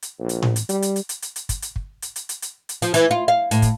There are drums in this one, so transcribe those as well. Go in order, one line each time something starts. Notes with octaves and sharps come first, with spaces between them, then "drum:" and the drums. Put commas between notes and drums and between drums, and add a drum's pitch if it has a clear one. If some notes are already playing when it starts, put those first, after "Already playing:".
drum: hi-hat
A#1
drum: hi-hat
drum: tom A2
drum: hi-hat
G3, drum: hi-hat
drum: hi-hat
drum: hi-hat
drum: hi-hat
drum: hi-hat
drum: hi-hat
drum: kick, hi-hat
drum: hi-hat
drum: kick
drum: hi-hat
drum: hi-hat
drum: hi-hat
drum: hi-hat
drum: hi-hat
F3, drum: hi-hat
E3, drum: hi-hat
F4
F5
A2, drum: hi-hat
drum: kick, hi-hat